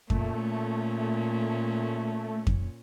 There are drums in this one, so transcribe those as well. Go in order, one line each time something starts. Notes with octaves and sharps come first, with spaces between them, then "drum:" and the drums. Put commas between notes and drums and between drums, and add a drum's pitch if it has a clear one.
A#2 A3 C#4, drum: kick F2
drum: kick F2